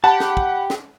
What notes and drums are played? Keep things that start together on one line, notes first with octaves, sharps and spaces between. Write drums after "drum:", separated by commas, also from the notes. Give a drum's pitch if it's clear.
G4 F#5 A5 B5
drum: snare
drum: kick
drum: snare